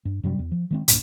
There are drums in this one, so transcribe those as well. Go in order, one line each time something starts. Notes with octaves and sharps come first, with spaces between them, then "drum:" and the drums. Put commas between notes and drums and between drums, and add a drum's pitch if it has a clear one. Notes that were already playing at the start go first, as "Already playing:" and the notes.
G2
F#2 C3 F#3 G3
E2
F3
D#3 G#3 C4
C2 G2 A#2, drum: hi-hat